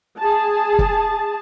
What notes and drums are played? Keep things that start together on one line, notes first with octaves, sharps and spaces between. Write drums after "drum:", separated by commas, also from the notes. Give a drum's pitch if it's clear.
G#4 A5
drum: kick